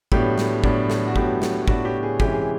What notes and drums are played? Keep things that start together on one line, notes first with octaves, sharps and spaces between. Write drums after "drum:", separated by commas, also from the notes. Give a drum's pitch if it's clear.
A2 F#3 B3 D4 G4, drum: kick
drum: snare
A2 F#3 B3 D4, drum: kick
drum: snare
F#4
A2 F#3 B3 D4 G4, drum: kick
drum: snare
A2 F#3 B3 D4 F#4, drum: kick
G4
G#4
C3 E3 G#3 C#4 G4, drum: kick
G#4